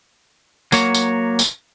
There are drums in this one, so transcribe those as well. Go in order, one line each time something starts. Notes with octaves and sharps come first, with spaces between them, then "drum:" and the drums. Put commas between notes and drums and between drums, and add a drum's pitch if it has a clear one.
F#3 A#3 C#5, drum: tambourine
drum: tambourine
drum: tambourine